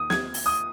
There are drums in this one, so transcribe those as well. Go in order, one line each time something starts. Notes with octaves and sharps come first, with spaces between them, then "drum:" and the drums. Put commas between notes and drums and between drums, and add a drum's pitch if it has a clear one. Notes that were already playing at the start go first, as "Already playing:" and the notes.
Already playing: D#2 D#3 A#3 D#6
G#6, drum: snare
drum: open hi-hat
D#6